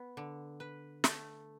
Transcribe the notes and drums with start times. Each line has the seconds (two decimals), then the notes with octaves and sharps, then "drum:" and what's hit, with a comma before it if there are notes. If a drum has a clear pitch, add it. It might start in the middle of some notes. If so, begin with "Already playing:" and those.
Already playing: B3
0.17 D3
0.60 B4
1.04 A3, drum: snare